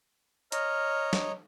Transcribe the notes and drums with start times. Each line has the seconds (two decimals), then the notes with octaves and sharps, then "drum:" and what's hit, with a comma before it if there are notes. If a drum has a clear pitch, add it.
0.52 C#5 D#5 A#5 F6, drum: hi-hat
1.13 drum: snare